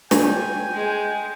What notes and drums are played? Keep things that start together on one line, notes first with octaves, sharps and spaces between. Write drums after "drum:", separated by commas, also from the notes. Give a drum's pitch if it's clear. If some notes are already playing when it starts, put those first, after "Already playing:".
G5 G#5, drum: snare
G#3